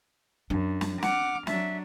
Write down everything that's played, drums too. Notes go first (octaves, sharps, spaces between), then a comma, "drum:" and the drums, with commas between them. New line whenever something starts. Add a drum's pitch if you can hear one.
F#2 D4
drum: snare
F#5 D6 F6, drum: snare
F#3 D4 E5, drum: snare